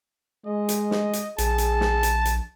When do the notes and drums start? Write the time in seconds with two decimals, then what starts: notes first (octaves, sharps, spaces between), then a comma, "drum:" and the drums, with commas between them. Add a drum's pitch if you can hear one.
0.46 G#3 D#5
0.69 drum: hi-hat
0.91 drum: snare
1.13 drum: hi-hat
1.38 A#1 G#4 A5, drum: hi-hat
1.58 drum: hi-hat
1.81 drum: snare
2.03 drum: hi-hat
2.25 drum: hi-hat